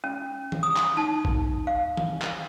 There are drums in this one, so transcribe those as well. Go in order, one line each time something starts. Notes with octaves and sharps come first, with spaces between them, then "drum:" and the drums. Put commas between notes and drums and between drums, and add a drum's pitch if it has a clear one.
C#4
drum: tom D#3
D#6
drum: clap
D#4 A5
drum: kick A1
F5
drum: tom D#3
drum: clap